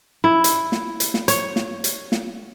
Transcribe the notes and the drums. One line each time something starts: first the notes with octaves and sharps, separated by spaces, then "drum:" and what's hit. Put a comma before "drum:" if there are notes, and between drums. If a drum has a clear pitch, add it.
E4
drum: hi-hat
drum: snare
drum: hi-hat
drum: snare
C#5, drum: hi-hat
drum: snare
drum: hi-hat
drum: snare